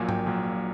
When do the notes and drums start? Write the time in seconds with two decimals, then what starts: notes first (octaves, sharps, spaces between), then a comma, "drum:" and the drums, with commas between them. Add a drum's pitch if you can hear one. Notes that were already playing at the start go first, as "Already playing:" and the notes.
Already playing: A#1 A#2 F#3 A#3 G#5
0.09 G5, drum: tom G#2
0.26 A#1 A#2 F#3 A#3